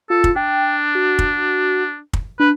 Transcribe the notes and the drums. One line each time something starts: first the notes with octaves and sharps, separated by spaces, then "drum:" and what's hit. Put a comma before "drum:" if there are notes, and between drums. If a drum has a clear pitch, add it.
F4 A4
drum: kick
D4 G5
F#4
drum: kick
drum: kick
D4 B4